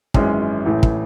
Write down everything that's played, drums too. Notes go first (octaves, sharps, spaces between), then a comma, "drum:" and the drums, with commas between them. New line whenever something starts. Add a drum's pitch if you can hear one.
G#1 F#2 E3 G#3 C#4, drum: kick
A1 A2 E3
drum: kick